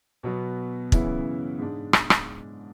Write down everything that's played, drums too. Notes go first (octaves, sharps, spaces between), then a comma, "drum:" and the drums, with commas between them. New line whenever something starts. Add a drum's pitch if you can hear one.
B2 F#3 B3
F#2 C#3 E3 B3 E4, drum: kick
G#2 G#3 D4
drum: rim click
drum: rim click